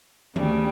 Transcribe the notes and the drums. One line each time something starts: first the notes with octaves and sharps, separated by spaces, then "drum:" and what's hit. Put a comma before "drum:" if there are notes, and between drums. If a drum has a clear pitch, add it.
D2 C#3 G3 D4, drum: tom D#3